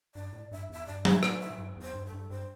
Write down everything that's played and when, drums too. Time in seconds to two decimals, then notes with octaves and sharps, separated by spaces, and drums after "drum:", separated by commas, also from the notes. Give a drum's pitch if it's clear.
0.15 G2 D5
0.33 A2
0.51 G2 E5
0.69 E2 E5
0.86 G2 D5
1.05 E5, drum: tom F#3
1.23 A2 D5, drum: rim click
1.41 E5
1.58 G2
1.76 E2
1.82 C5
1.94 G2
2.06 A4
2.12 G2
2.30 G2 C5